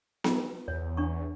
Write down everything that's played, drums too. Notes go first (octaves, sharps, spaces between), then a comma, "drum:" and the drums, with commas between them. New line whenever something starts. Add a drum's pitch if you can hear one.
F4, drum: snare B3
E2 C#5
D4 C#6